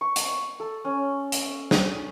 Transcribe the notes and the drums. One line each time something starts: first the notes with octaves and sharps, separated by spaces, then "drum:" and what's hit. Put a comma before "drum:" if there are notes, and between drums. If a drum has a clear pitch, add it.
C#6
drum: hi-hat
A4
C#4
drum: hi-hat
D#6, drum: snare